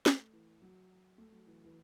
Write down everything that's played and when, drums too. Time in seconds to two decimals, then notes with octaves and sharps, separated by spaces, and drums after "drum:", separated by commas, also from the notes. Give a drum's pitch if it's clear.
0.06 A3, drum: snare
0.33 E3
0.62 F#3
1.18 A3
1.32 F#3
1.47 E3
1.65 E3